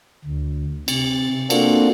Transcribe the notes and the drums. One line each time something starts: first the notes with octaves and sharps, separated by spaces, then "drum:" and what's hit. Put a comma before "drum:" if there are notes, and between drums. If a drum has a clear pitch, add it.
D2
C3 A6, drum: cymbal
A#3 C4 D4 F4 F#4 A4, drum: cymbal